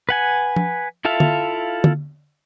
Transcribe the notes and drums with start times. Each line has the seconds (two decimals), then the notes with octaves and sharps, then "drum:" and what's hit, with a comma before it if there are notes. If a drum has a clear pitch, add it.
0.09 B4 F#5 G#5
0.56 drum: tom F3
1.05 E4 F4 A4 E5 F5
1.20 drum: tom
1.84 drum: tom